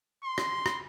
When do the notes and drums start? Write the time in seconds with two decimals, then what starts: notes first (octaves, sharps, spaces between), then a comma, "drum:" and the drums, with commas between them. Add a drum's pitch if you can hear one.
0.24 C6
0.38 drum: rim click
0.66 drum: rim click